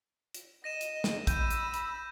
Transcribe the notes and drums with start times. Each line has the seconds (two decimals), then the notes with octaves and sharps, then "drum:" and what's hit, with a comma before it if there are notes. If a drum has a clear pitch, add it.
0.34 drum: hi-hat
0.64 D#5 A#6 D#7 E7
0.81 drum: hi-hat
1.04 drum: snare
1.27 B5 E6 G6 D#7, drum: kick, hi-hat
1.50 drum: hi-hat
1.74 drum: hi-hat